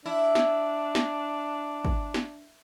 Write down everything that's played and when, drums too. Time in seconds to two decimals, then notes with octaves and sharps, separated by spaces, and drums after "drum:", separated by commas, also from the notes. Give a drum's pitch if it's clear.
0.06 D4 E4
0.35 drum: snare
0.95 drum: snare
1.85 drum: kick
2.14 drum: snare